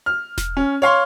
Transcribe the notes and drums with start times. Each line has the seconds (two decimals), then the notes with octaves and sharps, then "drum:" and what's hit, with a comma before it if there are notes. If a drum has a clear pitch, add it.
0.06 F6
0.38 drum: snare E1
0.57 C#4
0.82 C#5 F5 C6